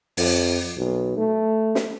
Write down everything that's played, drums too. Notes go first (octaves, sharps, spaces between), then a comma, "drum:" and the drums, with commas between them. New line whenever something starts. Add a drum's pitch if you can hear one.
F2, drum: open hi-hat
B1
A3
drum: snare